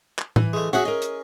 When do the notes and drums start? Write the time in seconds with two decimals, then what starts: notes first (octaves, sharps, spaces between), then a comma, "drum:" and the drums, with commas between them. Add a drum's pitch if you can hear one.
0.19 drum: clap
0.36 E3, drum: tom A2
0.53 G#3 A3
0.73 C#4 F#4 G#4 E5 F#5
0.85 A#4 D#5
1.02 drum: hi-hat